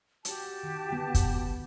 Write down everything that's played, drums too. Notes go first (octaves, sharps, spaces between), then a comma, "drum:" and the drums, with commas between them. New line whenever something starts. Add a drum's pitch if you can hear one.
F#4 G4 A5, drum: hi-hat
D#3
D3 B3
drum: kick, hi-hat